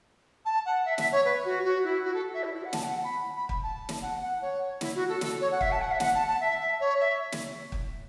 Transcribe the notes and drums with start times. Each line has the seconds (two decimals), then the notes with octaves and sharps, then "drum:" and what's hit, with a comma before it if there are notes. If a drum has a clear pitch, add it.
0.45 A5
0.65 F#5
0.85 E5
0.98 E5, drum: snare
1.11 C#5
1.24 B4
1.44 F#4
1.64 F#4
1.83 E4
2.04 F#4
2.14 A4
2.34 E5
2.43 E4
2.53 E4
2.63 F#5
2.73 A5, drum: snare
2.83 F#5
3.03 B5
3.36 B5
3.49 drum: kick
3.63 A5
3.89 drum: snare
4.02 F#5
4.22 F#5
4.42 C#5
4.81 E4, drum: snare
4.94 F#4
5.08 A4
5.21 A4, drum: snare
5.41 C#5
5.51 F#5
5.61 E5, drum: kick
5.71 A5
5.81 F#5
5.91 E5
6.00 F#5, drum: snare
6.14 A5
6.27 A5
6.40 E5
6.59 E5
6.80 C#5
7.00 E5
7.32 drum: snare
7.72 drum: kick